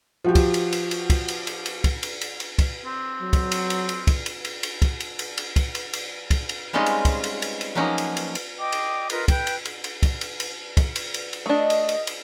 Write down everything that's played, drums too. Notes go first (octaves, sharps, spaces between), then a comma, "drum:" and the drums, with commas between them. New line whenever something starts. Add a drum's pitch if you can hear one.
F3 F#4 G4
drum: kick, cymbal
drum: cymbal
drum: cymbal
drum: cymbal
drum: kick, cymbal
drum: cymbal
drum: cymbal
drum: cymbal
drum: kick, cymbal
drum: cymbal
drum: cymbal
drum: cymbal
drum: kick, cymbal
C4
F#3
drum: kick, cymbal
drum: cymbal
drum: cymbal
drum: cymbal
drum: kick, cymbal
drum: cymbal
drum: cymbal
drum: cymbal
drum: kick, cymbal
drum: cymbal
drum: cymbal
drum: cymbal
drum: kick, cymbal
drum: cymbal
drum: cymbal
drum: kick, cymbal
drum: cymbal
G3 G#3 C4 C#4 D#4 F4
drum: cymbal
drum: kick, cymbal
drum: cymbal
drum: cymbal
drum: cymbal
F3 F#3 A#3 C#4 D#4
drum: cymbal
drum: cymbal
drum: cymbal
D#5 G5 D6
drum: cymbal
F4 A#4 B4 D#5, drum: cymbal
B4 G5 G6, drum: kick, cymbal
drum: cymbal
drum: cymbal
drum: cymbal
drum: kick, cymbal
drum: cymbal
drum: cymbal
drum: kick, cymbal
drum: cymbal
drum: cymbal
drum: cymbal
A3 D4 D#5
drum: cymbal
drum: cymbal
drum: cymbal